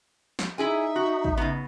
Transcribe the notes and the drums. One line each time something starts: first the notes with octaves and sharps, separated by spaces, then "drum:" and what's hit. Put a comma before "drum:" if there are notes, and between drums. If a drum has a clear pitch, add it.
drum: snare
D#4 E4 G#4 E5 G#5
F#4
drum: kick A1
C#3 B3